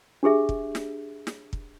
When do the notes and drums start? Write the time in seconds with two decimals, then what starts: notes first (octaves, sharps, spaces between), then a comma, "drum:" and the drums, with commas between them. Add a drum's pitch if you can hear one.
0.23 D4 G4 G#4 E5
0.49 drum: kick
0.75 drum: snare
1.27 drum: snare
1.53 drum: kick